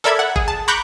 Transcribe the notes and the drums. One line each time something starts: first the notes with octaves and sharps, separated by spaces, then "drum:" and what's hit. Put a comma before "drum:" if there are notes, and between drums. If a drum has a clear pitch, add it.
A4 A#4 D5 E5 B5 G#6
F#5
G#4, drum: kick G1
A5
A#5 B5 C#6 D6 F#6 G6